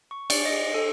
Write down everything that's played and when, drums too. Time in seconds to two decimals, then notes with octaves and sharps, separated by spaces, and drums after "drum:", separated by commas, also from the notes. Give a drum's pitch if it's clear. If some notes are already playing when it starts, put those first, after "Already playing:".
0.11 C#6
0.30 D5, drum: cymbal
0.45 D#5
0.74 A4